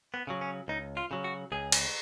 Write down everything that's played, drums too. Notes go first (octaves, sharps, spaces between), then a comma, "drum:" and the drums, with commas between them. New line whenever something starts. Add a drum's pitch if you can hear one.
B3
C#3 F#3
C#4
C#2 D#4
F4
C#3 F#3
F#4
C#2 G#4
drum: cymbal